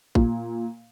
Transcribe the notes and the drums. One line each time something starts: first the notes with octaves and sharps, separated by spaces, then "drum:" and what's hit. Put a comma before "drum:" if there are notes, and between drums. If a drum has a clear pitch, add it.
A#2, drum: kick A1